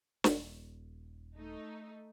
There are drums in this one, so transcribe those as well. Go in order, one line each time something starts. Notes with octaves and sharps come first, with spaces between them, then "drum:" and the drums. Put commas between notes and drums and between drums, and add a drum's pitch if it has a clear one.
D#1, drum: snare
A3 D#4